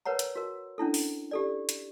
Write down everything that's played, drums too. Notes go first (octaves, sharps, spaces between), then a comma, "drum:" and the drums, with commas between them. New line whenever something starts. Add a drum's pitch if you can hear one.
A#4 B4 C#5 F#5 A#5
drum: hi-hat
F#4 A#4
C#4 D4 E4 A4
drum: open hi-hat
G4 A4 D5
drum: hi-hat